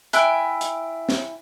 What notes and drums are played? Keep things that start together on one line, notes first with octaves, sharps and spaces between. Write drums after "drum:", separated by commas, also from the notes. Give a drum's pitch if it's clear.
E4 G5 G#5 F#6, drum: hi-hat
drum: hi-hat
drum: snare